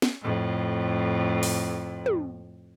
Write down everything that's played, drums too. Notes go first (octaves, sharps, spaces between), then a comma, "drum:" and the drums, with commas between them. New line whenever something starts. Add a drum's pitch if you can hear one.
drum: snare
F2 A2
drum: open hi-hat
drum: tom